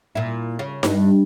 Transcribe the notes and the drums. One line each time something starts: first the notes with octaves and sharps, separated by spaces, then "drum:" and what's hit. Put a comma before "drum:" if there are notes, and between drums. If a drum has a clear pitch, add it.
A#2 E4
C#3
G2, drum: snare D#4